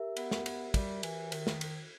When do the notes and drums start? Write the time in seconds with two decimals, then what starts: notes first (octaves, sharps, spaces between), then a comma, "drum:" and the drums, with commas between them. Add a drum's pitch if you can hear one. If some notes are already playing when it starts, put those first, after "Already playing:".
Already playing: G4 A#4 E5
0.17 B3, drum: cymbal
0.31 drum: snare
0.46 drum: cymbal
0.74 G3, drum: kick, cymbal
1.03 E3, drum: cymbal
1.32 D#3, drum: cymbal
1.47 drum: snare
1.61 drum: cymbal